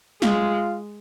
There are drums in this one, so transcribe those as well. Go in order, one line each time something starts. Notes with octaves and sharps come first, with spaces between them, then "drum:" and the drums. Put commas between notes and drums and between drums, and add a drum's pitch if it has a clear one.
G#3 F4, drum: snare